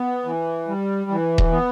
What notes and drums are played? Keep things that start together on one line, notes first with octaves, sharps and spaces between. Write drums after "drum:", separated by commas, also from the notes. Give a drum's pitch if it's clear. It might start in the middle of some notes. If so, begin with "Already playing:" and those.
Already playing: B3
E3
G3
E3
drum: kick D#1
B3